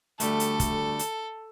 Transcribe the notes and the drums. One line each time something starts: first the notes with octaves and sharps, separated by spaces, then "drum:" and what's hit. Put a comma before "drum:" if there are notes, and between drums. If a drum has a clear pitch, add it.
D2 G3 A3 A4, drum: hi-hat
drum: hi-hat
drum: kick, hi-hat
drum: hi-hat